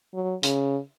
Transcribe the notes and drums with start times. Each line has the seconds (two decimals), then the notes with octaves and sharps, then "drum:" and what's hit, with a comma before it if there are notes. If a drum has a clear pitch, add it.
0.14 F#3
0.43 C#3, drum: hi-hat